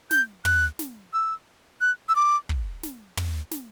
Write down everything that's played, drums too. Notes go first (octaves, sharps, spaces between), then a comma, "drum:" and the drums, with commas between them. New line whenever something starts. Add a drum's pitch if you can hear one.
G6, drum: snare
F#6, drum: tom
drum: snare
E6
F#6
E6
D6
drum: kick
drum: snare
drum: tom
drum: snare